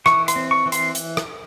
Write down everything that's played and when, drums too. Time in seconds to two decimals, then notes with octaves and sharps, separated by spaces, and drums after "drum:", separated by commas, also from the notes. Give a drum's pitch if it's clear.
0.06 E3 C#6, drum: rim click
0.28 C6, drum: hi-hat
0.36 C4
0.51 C#6
0.66 E3
0.72 C6, drum: hi-hat
0.95 drum: hi-hat
1.17 drum: rim click